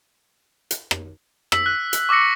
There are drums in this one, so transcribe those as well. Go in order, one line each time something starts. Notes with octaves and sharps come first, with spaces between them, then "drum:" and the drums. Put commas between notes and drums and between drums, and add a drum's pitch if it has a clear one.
drum: hi-hat
drum: rim click
E6 B6, drum: rim click
F#6
drum: hi-hat
C#6 D6 E6 A#6 C#7